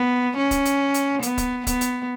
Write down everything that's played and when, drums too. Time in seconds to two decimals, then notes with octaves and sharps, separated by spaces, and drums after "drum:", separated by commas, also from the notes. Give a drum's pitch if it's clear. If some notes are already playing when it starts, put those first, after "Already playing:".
Already playing: B3
0.37 C#4
0.51 drum: kick, hi-hat
0.65 drum: hi-hat
0.94 drum: hi-hat
1.23 B3, drum: hi-hat
1.38 drum: kick, hi-hat
1.67 B3, drum: kick, hi-hat
1.81 drum: hi-hat